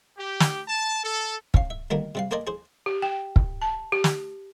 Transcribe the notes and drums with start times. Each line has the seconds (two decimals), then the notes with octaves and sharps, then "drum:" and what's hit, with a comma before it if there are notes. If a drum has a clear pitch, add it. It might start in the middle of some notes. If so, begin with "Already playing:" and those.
0.18 G4
0.40 drum: snare
0.68 A5
1.04 A4
1.54 C#4 F5, drum: kick
1.70 E5
1.90 D2 D#3 G3 A#3 A#4
2.15 C3 G3 F5
2.31 A#3 A#4 C5 D5 D#5 G#5
2.47 G#4 C5
2.86 G4
3.02 G5
3.36 drum: kick
3.62 A5
3.92 G4
4.04 drum: snare